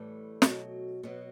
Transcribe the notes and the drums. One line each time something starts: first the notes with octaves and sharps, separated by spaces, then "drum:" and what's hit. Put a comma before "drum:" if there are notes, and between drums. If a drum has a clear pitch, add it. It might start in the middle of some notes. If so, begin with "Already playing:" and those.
Already playing: A2 E3 G3 A3
B2 F#3, drum: snare
B2 F#3 B3